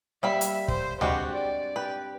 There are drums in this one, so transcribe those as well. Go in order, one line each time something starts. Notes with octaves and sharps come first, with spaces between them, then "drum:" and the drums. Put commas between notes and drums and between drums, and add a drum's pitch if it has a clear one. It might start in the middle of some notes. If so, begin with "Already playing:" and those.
G3 A#3 E5 F5 B5
drum: hi-hat
C5, drum: kick
G2 G3 G#3 C4 F#4 G4 F5, drum: tom C#2
D5
G4 B4